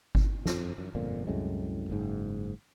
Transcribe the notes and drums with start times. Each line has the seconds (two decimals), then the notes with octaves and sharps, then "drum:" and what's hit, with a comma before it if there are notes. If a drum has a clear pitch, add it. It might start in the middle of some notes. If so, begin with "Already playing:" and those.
0.15 drum: kick G1
0.46 F2, drum: snare
0.78 F#2
0.95 G1 F2 A#2
1.27 C2 F#2 A2 G#3
1.90 F#1 G#2